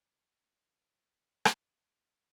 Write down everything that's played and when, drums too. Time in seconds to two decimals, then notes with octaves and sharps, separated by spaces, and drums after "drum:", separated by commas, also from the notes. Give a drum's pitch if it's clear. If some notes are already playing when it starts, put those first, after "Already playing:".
0.01 F2 F5
0.40 A3 D#4
0.65 G#3
0.90 A2 A#3 B3
1.45 drum: rim click